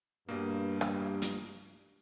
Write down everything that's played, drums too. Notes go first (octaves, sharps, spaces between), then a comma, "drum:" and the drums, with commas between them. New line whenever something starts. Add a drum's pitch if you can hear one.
G2 B2 A#3
drum: rim click
drum: hi-hat